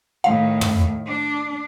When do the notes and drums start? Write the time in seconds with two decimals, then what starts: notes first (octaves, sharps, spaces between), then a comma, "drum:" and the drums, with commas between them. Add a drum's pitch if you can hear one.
0.24 A2 D#3 F5
0.61 drum: tom
1.06 D4